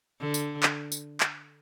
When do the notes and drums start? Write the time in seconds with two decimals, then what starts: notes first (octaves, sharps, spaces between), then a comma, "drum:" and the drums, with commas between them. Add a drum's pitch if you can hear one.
0.20 D3
0.34 drum: tambourine
0.63 drum: clap
0.92 drum: tambourine
1.20 drum: clap